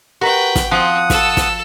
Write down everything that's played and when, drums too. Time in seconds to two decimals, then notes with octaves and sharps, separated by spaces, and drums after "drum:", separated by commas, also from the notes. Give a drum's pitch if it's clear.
0.21 F#4 G4 A#4 B4 G5 A#5
0.55 drum: snare
0.71 F3 C4 F#5 D#6 F#6
1.10 A4 E6, drum: snare
1.37 drum: snare